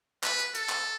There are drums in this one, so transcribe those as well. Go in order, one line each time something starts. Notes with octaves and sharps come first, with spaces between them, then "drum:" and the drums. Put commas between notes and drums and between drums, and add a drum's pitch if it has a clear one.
B4, drum: clap
drum: hi-hat
A4, drum: hi-hat
drum: clap